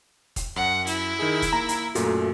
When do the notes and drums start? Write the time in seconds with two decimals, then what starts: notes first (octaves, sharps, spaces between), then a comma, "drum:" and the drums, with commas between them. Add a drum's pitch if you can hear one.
0.36 drum: kick, hi-hat
0.56 F#2 F#5
0.87 E4, drum: hi-hat
1.19 D#3 D#4 G#4
1.42 drum: kick, hi-hat
1.53 A#3 A#5
1.69 drum: hi-hat
1.95 F#2 A#2 A3 F#4 A4, drum: hi-hat